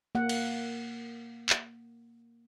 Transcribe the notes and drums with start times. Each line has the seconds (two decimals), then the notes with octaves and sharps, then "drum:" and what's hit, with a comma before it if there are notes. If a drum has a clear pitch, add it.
0.15 A#3 F#5
0.29 drum: cymbal
1.49 drum: clap